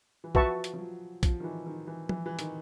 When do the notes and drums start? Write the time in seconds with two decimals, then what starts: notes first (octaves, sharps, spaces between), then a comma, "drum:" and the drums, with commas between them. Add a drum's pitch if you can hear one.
0.24 E3
0.35 F3 F#4 B4 E5 A5 C#6, drum: kick A#1
0.64 drum: hi-hat
0.74 F3
0.79 F#3
1.23 F3, drum: kick A#1, hi-hat
1.40 D#3
1.44 E3
1.66 D#3
1.87 E3
2.09 E3, drum: tom F3
2.26 E3
2.39 D#3, drum: hi-hat